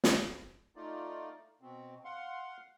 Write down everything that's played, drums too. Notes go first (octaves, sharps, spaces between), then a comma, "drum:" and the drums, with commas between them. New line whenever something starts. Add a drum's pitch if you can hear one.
drum: snare
A3 D#4 F4 D5
B2 C4
F5 F#5 C6